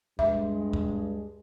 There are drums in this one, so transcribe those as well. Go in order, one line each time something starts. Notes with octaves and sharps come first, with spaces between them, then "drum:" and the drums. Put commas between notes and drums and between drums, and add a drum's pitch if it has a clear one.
G2 G#3 E5, drum: kick D2
drum: kick D2